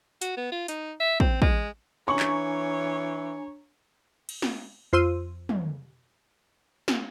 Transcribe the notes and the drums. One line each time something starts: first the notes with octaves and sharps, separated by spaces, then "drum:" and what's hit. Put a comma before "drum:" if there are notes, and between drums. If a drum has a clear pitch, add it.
F#4, drum: hi-hat
B3
F4
D#4, drum: hi-hat
E5
C4, drum: kick
G#3, drum: kick
E3 D4 C#5 G#5 A#5 C#6
drum: clap
drum: cymbal
drum: snare
F2 F4 C5 C6 E6 D#7
drum: tom
drum: snare